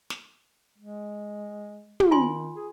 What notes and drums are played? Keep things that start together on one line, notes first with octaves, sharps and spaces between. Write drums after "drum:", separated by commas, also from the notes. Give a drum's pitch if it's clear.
drum: snare
G#3
drum: tom
D#3 F4 G#5 C6
G#4